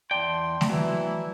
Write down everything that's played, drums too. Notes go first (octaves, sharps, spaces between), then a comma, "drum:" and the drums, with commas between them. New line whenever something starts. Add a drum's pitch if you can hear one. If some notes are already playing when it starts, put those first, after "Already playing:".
E2 D5 G5 A5 C6
drum: snare A3
E3 F#3 E4